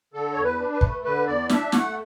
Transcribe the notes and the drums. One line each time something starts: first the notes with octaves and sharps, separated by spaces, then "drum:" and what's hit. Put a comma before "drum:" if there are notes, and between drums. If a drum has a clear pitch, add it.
D3 A4
E2 C#5
B4
D4
B4
A3, drum: kick
D3 B4
E2 D5
D4 E5, drum: snare
A3 F#5, drum: snare